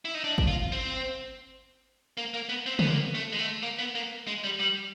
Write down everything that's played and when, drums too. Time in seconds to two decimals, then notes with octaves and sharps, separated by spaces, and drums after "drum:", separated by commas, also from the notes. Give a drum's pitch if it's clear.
0.05 E4
0.14 D#4
0.24 D4
0.38 drum: kick
0.47 F4
0.72 C4
2.17 A#3
2.34 A#3
2.49 B3
2.66 C4
2.79 B3, drum: tom C#3
2.90 A#3
3.15 A3
3.32 G#3
3.39 A3
3.63 A#3
3.79 B3
3.95 A#3
4.27 G#3
4.44 G3
4.59 G3